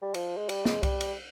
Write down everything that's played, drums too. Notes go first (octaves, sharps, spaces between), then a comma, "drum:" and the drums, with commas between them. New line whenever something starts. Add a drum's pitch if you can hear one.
G3
F3, drum: cymbal
G#3
G3, drum: cymbal
G#3, drum: snare
G3, drum: kick C2, cymbal
drum: cymbal